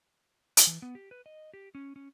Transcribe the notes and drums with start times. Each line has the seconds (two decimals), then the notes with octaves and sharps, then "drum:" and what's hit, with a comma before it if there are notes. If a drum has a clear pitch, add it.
0.57 drum: hi-hat
0.67 E3
0.82 B3
0.95 G4
1.11 B4
1.26 D#5
1.54 G4
1.75 C#4
1.96 C#4